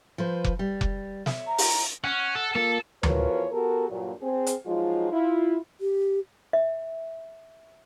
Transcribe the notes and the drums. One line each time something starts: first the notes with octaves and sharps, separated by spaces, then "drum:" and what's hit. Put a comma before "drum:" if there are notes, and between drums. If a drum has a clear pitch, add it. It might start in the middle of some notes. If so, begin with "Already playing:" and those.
F3 B4 C5
drum: kick F1
G3
drum: kick F1
C#5 E5, drum: snare
A#5
drum: open hi-hat
C#4 F#5
A4
A#3 F4 A4
E2 F3 F#4 A#4 B4 C#5, drum: tom D2
B3 F#4 G4 A4 A#4
G2 A#2 F#3
C4 G#4
drum: hi-hat
F3 F#3 G#3 D#4 F4
E4 F4
G4
E5